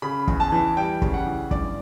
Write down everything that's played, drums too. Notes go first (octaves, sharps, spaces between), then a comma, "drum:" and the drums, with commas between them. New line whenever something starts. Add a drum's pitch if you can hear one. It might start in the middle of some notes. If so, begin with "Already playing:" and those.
C#3 B5
E2, drum: kick
A5
E3
G3 G5
C#3, drum: kick
F#5
E3
G2 D5, drum: kick